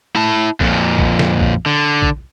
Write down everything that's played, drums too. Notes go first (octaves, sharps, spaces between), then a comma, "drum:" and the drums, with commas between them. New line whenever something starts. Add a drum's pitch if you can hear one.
E4 A5
F2 A#2, drum: kick A#1
drum: kick A#1
drum: snare
drum: kick A#1
D3
drum: kick A#1